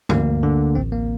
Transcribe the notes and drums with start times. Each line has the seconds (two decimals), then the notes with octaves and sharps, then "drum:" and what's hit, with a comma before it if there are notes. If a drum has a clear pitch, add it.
0.09 D2 A#3, drum: tom G2
0.43 D3
0.75 A1 C4
0.92 A#3